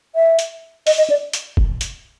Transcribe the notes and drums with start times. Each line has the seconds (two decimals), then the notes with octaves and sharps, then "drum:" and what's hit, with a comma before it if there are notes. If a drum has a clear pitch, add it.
0.15 E5
0.39 drum: hi-hat
0.87 D#5, drum: open hi-hat
0.98 D#5
1.10 D5
1.33 drum: hi-hat
1.57 drum: kick
1.81 drum: hi-hat